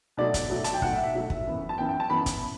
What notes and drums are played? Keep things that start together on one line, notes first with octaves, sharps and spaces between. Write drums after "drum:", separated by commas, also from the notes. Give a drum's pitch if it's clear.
B2 F#3 A3 D5
drum: kick, hi-hat
B2 F#3 A3
A5, drum: hi-hat
G5
B2 F#3 A3 F#5, drum: kick
E5
E5
B2 F#3 A3 E5
drum: kick
F#2 E3 B3
A5
F#2 E3 B3 G5
G5
A5
F#2 E3 B3 B5
drum: kick, hi-hat